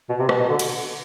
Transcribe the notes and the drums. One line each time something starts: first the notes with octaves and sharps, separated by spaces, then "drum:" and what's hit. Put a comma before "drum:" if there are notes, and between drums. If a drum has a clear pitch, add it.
B2
C3
B2, drum: rim click
B2
D3
drum: cymbal